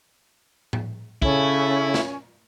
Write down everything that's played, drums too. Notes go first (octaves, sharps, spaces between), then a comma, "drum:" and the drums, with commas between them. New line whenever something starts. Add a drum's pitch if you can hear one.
drum: tom A2
C#3 C#4 E4 A4, drum: kick
drum: snare